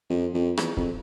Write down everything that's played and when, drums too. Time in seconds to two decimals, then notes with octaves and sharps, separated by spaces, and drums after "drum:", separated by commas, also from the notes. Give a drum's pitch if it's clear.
0.10 F2
0.34 F2
0.57 E2, drum: rim click
0.77 F2, drum: kick